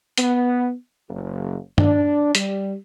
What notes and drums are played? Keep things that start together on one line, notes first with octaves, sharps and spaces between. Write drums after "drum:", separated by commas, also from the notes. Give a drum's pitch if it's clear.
B3, drum: hi-hat
F#1
D4, drum: tom
G3, drum: hi-hat